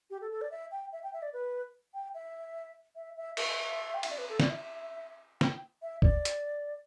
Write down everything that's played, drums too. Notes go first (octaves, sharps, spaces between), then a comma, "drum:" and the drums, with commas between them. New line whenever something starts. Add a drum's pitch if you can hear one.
G4
A4
A4
D5
E5
G5
E5
G5
E5
D5
B4
G5
E5
E5
E5
E5, drum: cymbal
G5
E5, drum: cymbal
D5
B4
A4
D5, drum: snare
E5
G5, drum: snare
E5
D5, drum: kick
drum: hi-hat